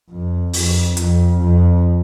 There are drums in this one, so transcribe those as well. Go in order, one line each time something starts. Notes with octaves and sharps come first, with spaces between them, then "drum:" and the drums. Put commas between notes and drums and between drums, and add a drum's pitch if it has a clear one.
F2
F2, drum: open hi-hat
F2, drum: hi-hat
F2